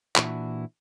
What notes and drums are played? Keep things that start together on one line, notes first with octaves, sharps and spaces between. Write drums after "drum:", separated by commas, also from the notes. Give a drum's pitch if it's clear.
A#2 E3 D4 E4 F#4, drum: clap